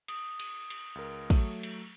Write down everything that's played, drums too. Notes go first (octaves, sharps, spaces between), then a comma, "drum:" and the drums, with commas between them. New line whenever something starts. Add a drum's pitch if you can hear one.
D#6, drum: cymbal
drum: cymbal
drum: cymbal
C#2 A#4
F#3 A3, drum: kick, cymbal
drum: cymbal